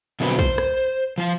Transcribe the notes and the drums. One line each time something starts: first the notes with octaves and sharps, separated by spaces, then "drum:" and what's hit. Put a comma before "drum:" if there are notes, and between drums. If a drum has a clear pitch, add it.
B2 D3 F#3 C4 E4 B4
C5, drum: kick
drum: rim click
F3 F4